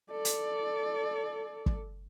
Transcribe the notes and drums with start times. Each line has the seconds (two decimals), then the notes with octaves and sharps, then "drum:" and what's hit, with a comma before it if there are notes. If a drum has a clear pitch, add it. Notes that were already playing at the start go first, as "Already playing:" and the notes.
0.11 A4 D5
0.25 drum: hi-hat
1.66 drum: kick